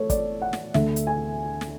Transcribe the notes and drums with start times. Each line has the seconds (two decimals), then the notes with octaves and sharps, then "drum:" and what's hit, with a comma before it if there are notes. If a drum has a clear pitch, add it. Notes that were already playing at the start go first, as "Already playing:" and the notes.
Already playing: A3 A4 C#5
0.10 D5, drum: kick, hi-hat
0.42 F#5
0.53 drum: snare
0.74 D2 D3 A3 D4 E5, drum: snare
0.96 drum: hi-hat
1.07 G#5
1.61 drum: snare